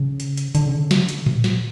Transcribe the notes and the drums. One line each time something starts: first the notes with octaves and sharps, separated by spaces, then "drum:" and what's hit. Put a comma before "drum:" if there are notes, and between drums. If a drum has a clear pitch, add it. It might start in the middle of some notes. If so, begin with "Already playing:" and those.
Already playing: C#3
drum: hi-hat
drum: hi-hat
D3, drum: hi-hat
C#3
D3
drum: snare
drum: hi-hat
drum: tom A2
drum: snare